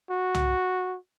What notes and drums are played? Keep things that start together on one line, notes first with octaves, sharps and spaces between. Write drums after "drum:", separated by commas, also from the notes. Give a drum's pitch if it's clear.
F#4
drum: tom C2